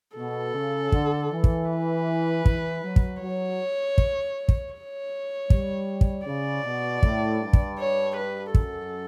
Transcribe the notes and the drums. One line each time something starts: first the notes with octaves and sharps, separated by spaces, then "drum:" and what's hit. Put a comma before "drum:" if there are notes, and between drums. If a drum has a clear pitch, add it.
B2 A4
C#3
D3, drum: kick
E3
drum: kick
B4
E3, drum: kick
F#3
drum: kick
F#3 C#5
drum: kick
drum: kick
C#5
G3, drum: kick
drum: kick
C#3 D5
B2
A2, drum: kick
G2
drum: kick
C#5
B4
F#2 A4, drum: kick